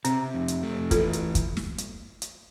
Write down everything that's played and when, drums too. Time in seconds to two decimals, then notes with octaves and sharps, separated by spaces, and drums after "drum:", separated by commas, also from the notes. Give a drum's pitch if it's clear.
0.05 C3 C4, drum: hi-hat
0.34 F2
0.48 drum: hi-hat
0.63 A3
0.91 E3 F4 A4, drum: kick, hi-hat
1.13 drum: hi-hat
1.35 drum: kick, hi-hat
1.57 drum: snare
1.78 drum: hi-hat
2.22 drum: hi-hat